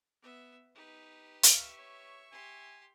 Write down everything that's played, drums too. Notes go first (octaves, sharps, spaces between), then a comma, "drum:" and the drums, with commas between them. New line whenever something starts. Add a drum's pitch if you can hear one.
B3 E5
D#4 G4 B4
E5 F5 C#6, drum: hi-hat
C#5
G4 G#5 C6